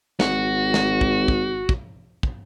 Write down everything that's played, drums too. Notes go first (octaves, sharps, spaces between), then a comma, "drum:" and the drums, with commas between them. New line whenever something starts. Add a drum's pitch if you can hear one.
G#1 F#4, drum: snare
drum: snare
drum: kick
drum: kick
drum: kick
drum: kick